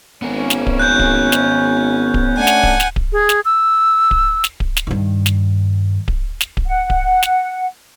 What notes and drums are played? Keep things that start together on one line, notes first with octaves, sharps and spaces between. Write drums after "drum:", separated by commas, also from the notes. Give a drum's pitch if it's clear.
G#1 B3 C#4 A#4
drum: snare
drum: kick D1
F#6 G6
drum: kick D1
drum: snare
drum: kick D1
A3 C#4 D4 F#5 G#5
drum: snare
drum: kick D1
drum: snare
drum: kick D1
G#4
drum: snare
E6
drum: kick D1
drum: snare
drum: kick D1
drum: snare
G2 D#3
drum: snare
drum: kick D1
drum: snare
drum: kick D1
F#5
drum: kick D1
drum: snare